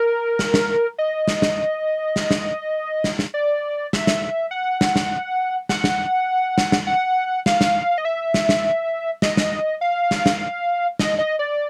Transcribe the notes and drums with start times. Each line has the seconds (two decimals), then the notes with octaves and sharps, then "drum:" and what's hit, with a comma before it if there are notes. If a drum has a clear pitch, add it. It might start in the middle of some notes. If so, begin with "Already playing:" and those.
Already playing: A#4
0.39 drum: snare
0.54 drum: snare
0.98 D#5
1.28 drum: snare
1.42 drum: snare
2.16 drum: snare
2.31 drum: snare
3.04 drum: snare
3.19 drum: snare
3.34 D5
3.93 E5, drum: snare
4.07 drum: snare
4.51 F#5
4.81 drum: snare
4.96 drum: snare
5.69 F#5, drum: snare
5.84 drum: snare
6.58 drum: snare
6.72 drum: snare
6.87 F#5
7.46 F5, drum: snare
7.61 drum: snare
7.98 D#5
8.05 E5
8.34 drum: snare
8.49 drum: snare
9.22 D#5, drum: snare
9.37 drum: snare
9.81 F5
10.11 drum: snare
10.26 drum: snare
10.99 D#5, drum: snare
11.18 D#5
11.39 D5